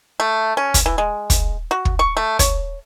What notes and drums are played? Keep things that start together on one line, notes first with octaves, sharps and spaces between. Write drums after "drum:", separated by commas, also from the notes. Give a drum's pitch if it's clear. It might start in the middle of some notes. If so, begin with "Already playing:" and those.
A3
C#4
drum: kick, hi-hat
E3
G#3
drum: kick, hi-hat
F#4
drum: kick
C#6
A3
C#5, drum: kick, hi-hat